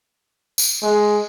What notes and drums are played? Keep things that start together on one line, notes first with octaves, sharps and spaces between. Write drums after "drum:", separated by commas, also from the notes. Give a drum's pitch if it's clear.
drum: tambourine
G#3